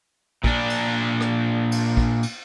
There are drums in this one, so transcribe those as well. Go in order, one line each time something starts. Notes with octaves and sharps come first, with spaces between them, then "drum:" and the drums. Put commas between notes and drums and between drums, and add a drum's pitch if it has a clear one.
A#2 D4, drum: kick
drum: cymbal
drum: rim click
drum: cymbal
drum: kick
drum: cymbal